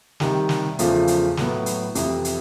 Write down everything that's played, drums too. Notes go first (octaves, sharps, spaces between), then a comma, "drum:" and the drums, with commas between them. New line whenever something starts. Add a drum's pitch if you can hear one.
C3 D#3 G3, drum: snare
drum: snare
E2 C#3 F3 A3, drum: hi-hat
drum: hi-hat
A2 F#3 B3, drum: snare
drum: hi-hat
F2 C3 E3, drum: hi-hat
drum: hi-hat